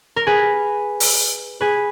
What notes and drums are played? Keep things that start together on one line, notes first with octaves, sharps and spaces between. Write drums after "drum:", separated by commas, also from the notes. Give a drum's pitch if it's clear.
A#4
G#4 B4
drum: open hi-hat
G#4 B4